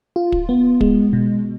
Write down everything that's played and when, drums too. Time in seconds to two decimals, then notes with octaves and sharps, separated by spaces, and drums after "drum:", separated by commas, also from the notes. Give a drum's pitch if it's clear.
0.16 F4
0.32 drum: kick
0.49 B3
0.81 G#3, drum: kick
1.13 B2